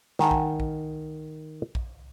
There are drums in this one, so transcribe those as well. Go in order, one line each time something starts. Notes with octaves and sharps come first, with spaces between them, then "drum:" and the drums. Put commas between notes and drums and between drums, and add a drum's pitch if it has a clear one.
D#3 F#5 G#5 A5, drum: snare
drum: kick A#1
drum: kick A#1
drum: kick A#1